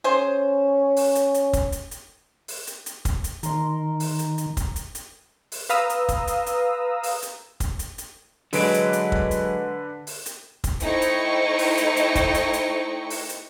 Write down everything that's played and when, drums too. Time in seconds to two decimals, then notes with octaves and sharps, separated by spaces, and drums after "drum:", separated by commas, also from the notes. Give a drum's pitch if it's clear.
0.04 C#4 G#4 C5
0.96 drum: open hi-hat
1.15 drum: hi-hat
1.34 drum: hi-hat
1.53 drum: kick, hi-hat
1.72 drum: hi-hat
1.91 drum: hi-hat
2.48 drum: open hi-hat
2.67 drum: hi-hat
2.86 drum: hi-hat
3.05 drum: kick, hi-hat
3.24 drum: hi-hat
3.43 D#3 A#4 C6, drum: hi-hat
4.00 drum: open hi-hat
4.19 drum: hi-hat
4.38 drum: hi-hat
4.57 drum: kick, hi-hat
4.76 drum: hi-hat
4.95 drum: hi-hat
5.52 drum: open hi-hat
5.69 B4 F5 A#5 D#6 E6, drum: hi-hat
5.90 drum: hi-hat
6.09 drum: kick, hi-hat
6.27 drum: hi-hat
6.46 drum: hi-hat
7.03 drum: open hi-hat
7.22 drum: hi-hat
7.60 drum: kick, hi-hat
7.79 drum: hi-hat
7.98 drum: hi-hat
8.53 D3 F#3 G#3 B4 D7, drum: open hi-hat
8.74 drum: hi-hat
8.93 drum: hi-hat
9.12 drum: kick
9.31 drum: hi-hat
10.07 drum: open hi-hat
10.26 drum: hi-hat
10.64 drum: kick, hi-hat
10.80 A3 D#4 E4 C5 G5 C#6, drum: hi-hat
11.02 drum: hi-hat
11.59 drum: open hi-hat
11.77 drum: hi-hat
11.96 drum: hi-hat
12.15 drum: kick, hi-hat
12.34 drum: hi-hat
12.53 drum: hi-hat
13.10 drum: open hi-hat
13.29 drum: hi-hat